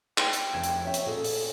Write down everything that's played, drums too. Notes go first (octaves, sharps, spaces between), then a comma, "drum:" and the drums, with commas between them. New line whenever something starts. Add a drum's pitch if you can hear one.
G5, drum: clap
drum: hi-hat
F1 G#6 E7
drum: hi-hat
C#4 E5 G5
drum: hi-hat
A#2 G#4 A4
drum: open hi-hat